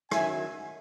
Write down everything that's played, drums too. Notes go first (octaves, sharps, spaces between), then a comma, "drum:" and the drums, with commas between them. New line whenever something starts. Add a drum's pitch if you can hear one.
F#2 D#3 F#3 E5 G#5, drum: rim click